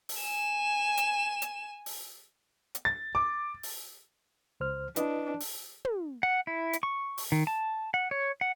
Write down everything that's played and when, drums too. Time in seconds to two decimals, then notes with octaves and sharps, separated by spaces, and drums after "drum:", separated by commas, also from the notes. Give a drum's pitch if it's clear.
0.09 drum: open hi-hat
0.22 G#5 E7
0.97 drum: hi-hat
1.42 drum: hi-hat
1.86 drum: open hi-hat
2.75 drum: hi-hat
2.85 A6
3.15 D6
3.63 drum: open hi-hat
4.60 C#2 C5 F6
4.96 D4 E4 B4 D#5, drum: hi-hat
5.40 drum: open hi-hat
5.85 drum: tom
6.23 F#5
6.47 E4
6.73 drum: hi-hat
6.83 C#6
7.18 drum: open hi-hat
7.32 D#3
7.47 A5
7.94 F#5
8.11 C#5
8.41 F#5